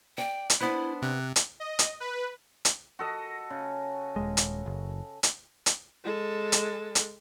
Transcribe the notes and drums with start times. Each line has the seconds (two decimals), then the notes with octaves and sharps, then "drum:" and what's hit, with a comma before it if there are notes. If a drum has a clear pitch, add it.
0.18 D5 G5
0.50 drum: hi-hat
0.61 B3 D4 E4 B4 C5
1.02 C3 F#6
1.36 drum: hi-hat
1.60 D#5
1.79 drum: hi-hat
2.00 B4
2.65 drum: hi-hat
2.99 F#4 A4 D#5
3.50 C#3
4.16 D#1 G#3
4.37 drum: hi-hat
4.66 F#1
5.23 drum: hi-hat
5.66 drum: hi-hat
6.04 G#3 A4
6.52 drum: hi-hat
6.95 drum: hi-hat